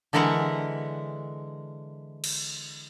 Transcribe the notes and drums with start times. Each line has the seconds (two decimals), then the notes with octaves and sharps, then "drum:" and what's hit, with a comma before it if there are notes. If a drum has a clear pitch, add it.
0.13 D3 E3 G#3 A#4 E5 F#5
2.24 drum: cymbal